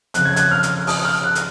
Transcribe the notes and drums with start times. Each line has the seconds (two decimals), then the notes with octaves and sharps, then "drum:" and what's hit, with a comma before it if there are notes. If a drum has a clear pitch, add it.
0.14 F2 C#3 F#6, drum: hi-hat
0.25 G#6
0.36 F#6, drum: hi-hat
0.51 F6
0.63 drum: hi-hat
0.87 D#6, drum: open hi-hat
1.05 F6
1.23 F#6
1.35 drum: hi-hat